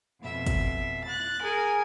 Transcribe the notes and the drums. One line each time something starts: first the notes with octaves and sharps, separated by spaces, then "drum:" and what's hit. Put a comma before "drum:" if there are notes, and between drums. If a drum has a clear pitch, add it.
F2 B2 E5
drum: kick, hi-hat
F#6 A6
G#4 A#4 G#5